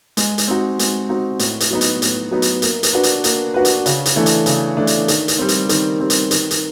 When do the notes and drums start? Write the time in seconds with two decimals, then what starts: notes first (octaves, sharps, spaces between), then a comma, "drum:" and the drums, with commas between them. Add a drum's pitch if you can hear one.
0.17 G#3, drum: hi-hat
0.38 drum: hi-hat
0.47 C4 D#4 F#4
0.79 G#3, drum: hi-hat
1.09 C4 D#4 F#4
1.39 A2, drum: hi-hat
1.60 drum: hi-hat
1.71 F#3 B3 D#4
1.81 drum: hi-hat
2.02 A2, drum: hi-hat
2.31 F#3 B3 D#4
2.42 drum: hi-hat
2.62 A#3, drum: hi-hat
2.83 drum: hi-hat
2.93 D4 F#4 B4
3.03 drum: hi-hat
3.24 A#3, drum: hi-hat
3.54 D4 F#4 B4
3.65 drum: hi-hat
3.86 C#3, drum: hi-hat
4.05 drum: hi-hat
4.16 E3 A3 D4
4.26 drum: hi-hat
4.46 C#3, drum: hi-hat
4.77 E3 A3 D4
4.87 drum: hi-hat
5.08 D#3, drum: hi-hat
5.28 drum: hi-hat
5.38 G3 C4
5.48 drum: hi-hat
5.69 D#3, drum: hi-hat
6.00 G3 C4
6.10 drum: hi-hat
6.31 D#3, drum: hi-hat
6.51 drum: hi-hat